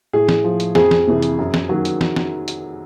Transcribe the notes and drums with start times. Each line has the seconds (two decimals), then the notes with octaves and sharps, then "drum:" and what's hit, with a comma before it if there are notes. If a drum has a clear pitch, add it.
0.13 A2 G#4
0.28 drum: snare
0.44 F3
0.60 drum: hi-hat
0.75 F2 G#4, drum: snare
0.91 drum: snare
1.07 C3 E3
1.22 drum: hi-hat
1.39 F#2
1.54 drum: snare
1.69 D#3 F#3
1.85 drum: hi-hat
2.01 drum: snare
2.16 drum: snare
2.48 drum: hi-hat